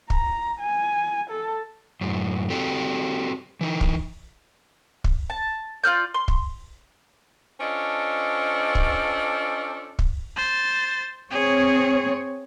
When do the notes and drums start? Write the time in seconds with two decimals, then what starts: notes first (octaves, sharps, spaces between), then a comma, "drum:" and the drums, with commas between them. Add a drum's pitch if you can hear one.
0.10 A#5, drum: kick
0.60 G#5
1.30 A4
2.01 F#2 A2
2.50 C4 F#4 G4 A4
3.61 E3 D#4
3.81 drum: kick
5.04 drum: kick
5.30 A5
5.84 F4 D5 F6 G6
6.14 C6
6.28 drum: kick
7.60 C#4 D4 F4 A4 C5 D#5
8.75 drum: kick
9.99 drum: kick
10.36 C5 A6
11.31 C4 G#4 C#5